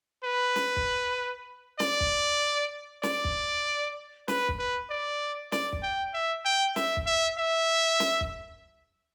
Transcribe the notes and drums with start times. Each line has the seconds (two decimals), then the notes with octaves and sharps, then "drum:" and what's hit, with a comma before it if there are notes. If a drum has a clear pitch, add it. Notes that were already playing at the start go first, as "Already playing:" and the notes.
0.24 B4
0.56 drum: snare
0.76 drum: kick
1.80 D5, drum: snare
2.00 drum: kick
3.03 D5, drum: snare
3.24 drum: kick
4.28 B4, drum: snare
4.48 drum: kick
4.59 B4
4.90 D5
5.52 D5, drum: snare
5.73 drum: kick
5.83 G5
6.14 E5
6.45 G5
6.76 E5, drum: snare
6.97 drum: kick
7.07 E5
7.38 E5
8.00 drum: snare
8.21 drum: kick